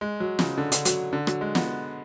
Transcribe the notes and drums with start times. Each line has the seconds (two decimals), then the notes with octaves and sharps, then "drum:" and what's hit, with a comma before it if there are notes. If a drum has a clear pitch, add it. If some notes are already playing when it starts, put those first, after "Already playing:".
0.01 G#3
0.20 F#3
0.39 C#3, drum: snare
0.58 D3
0.72 D3, drum: hi-hat
0.85 F#3, drum: hi-hat
1.13 D3
1.27 F#3, drum: rim click
1.41 G#3
1.55 B3, drum: snare